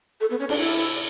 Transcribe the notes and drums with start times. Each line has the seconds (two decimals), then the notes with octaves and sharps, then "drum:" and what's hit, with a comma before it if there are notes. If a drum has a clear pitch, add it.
0.21 A4
0.30 B3
0.40 C#4
0.49 D4, drum: cymbal
0.60 E4